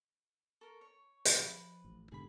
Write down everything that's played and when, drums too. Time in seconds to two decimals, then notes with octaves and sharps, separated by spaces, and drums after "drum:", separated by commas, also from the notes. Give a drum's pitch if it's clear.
0.61 A4 A#4 C#6
0.81 C#5
1.25 drum: hi-hat
1.37 F3 B4
1.85 A1
2.12 G#2 B2 D3 G4 G#4 B5